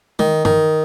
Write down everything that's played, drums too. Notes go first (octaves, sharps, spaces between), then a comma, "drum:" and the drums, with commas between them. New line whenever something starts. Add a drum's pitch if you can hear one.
D#3, drum: tom G#3
D#3, drum: tom G2